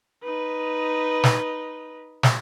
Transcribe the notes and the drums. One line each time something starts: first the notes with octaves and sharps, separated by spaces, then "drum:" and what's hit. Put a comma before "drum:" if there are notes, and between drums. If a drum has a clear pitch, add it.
D#4 B4
drum: snare
drum: snare